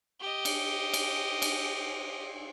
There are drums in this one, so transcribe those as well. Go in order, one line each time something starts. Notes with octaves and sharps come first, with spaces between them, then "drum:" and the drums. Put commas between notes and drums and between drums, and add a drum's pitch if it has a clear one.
G4 D#5
drum: cymbal
drum: cymbal
drum: cymbal